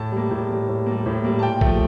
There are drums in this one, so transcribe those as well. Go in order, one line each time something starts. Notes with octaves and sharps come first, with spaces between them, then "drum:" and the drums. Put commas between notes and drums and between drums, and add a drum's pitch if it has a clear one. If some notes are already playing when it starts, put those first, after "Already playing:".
Already playing: A2 A5
G3 A#3
A2
G3 A#3
A2
G3 A#3
A2
G3 A#3
A5
A#2 G5
F3 A3, drum: kick A#1